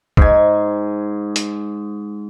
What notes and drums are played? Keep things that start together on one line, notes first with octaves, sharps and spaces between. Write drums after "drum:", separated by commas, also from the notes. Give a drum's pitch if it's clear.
G#2 G#5, drum: kick
drum: hi-hat